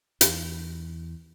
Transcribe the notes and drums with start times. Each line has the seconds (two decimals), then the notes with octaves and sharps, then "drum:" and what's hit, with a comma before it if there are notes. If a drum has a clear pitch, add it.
0.21 E2, drum: hi-hat